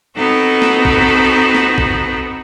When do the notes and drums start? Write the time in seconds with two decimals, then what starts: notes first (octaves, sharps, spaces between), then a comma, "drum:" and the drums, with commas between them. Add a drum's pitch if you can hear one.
0.15 B3 C4 D#4 F#4 A4
0.62 drum: snare
0.85 drum: kick A1
1.55 drum: snare
1.78 drum: kick A1